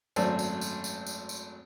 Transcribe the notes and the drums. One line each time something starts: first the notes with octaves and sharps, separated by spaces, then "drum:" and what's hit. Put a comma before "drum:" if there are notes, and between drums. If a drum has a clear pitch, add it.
G#1 F#2 A3 C5 D5 A5, drum: tambourine
drum: tambourine
drum: tambourine
drum: tambourine
drum: tambourine
drum: tambourine